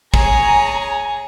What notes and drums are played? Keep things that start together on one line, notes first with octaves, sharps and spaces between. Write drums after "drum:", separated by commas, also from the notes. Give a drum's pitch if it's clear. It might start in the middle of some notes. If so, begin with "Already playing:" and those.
G#4 C#5 G#5 A#5, drum: kick